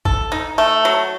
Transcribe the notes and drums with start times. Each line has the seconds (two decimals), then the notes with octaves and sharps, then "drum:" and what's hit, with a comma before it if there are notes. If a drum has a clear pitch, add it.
0.05 A4, drum: kick G#1
0.32 D#4
0.58 A3
0.85 F#3